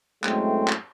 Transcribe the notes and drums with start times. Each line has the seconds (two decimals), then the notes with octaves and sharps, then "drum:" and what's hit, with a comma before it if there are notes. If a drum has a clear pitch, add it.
0.24 F#2 A2 G#3 A3 C4, drum: clap
0.68 drum: clap